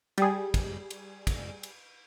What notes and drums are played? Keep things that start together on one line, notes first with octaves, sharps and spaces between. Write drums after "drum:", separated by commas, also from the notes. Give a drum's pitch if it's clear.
G3 G#4, drum: cymbal
drum: kick, cymbal
drum: cymbal
drum: kick, cymbal
drum: cymbal